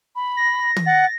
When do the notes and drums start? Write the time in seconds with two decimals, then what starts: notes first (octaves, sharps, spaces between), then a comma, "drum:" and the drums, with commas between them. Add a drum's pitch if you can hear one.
0.16 B5
0.37 A#6
0.76 drum: tom
0.86 F#5 A6